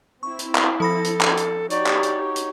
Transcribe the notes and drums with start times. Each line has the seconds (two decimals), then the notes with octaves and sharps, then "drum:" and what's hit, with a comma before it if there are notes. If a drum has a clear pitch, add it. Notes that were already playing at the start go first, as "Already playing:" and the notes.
0.23 C4 E4 C#6
0.39 drum: hi-hat
0.55 drum: clap
0.80 F3 A4 B5 A#6
1.04 drum: hi-hat
1.21 drum: clap
1.37 drum: hi-hat
1.70 D#4 F#4 G4 C#5 D5, drum: hi-hat
1.87 drum: clap
2.03 drum: hi-hat
2.36 drum: hi-hat